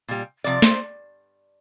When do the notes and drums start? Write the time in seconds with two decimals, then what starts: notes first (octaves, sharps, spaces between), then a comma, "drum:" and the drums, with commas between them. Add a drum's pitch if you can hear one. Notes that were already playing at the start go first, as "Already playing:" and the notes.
0.08 A#2 G3
0.44 C3 F3 D5
0.62 C5, drum: snare